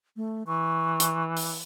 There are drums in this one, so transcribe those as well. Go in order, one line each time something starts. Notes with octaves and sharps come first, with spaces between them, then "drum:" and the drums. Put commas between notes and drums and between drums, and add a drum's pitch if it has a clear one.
A3
E3 C#6
drum: hi-hat
drum: open hi-hat